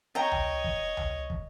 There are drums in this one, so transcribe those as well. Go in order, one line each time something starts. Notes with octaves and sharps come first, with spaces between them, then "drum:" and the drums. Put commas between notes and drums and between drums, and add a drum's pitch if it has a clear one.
C#5 D#5 G5 A#5
drum: tom C#2
drum: kick
drum: tom C#2
drum: kick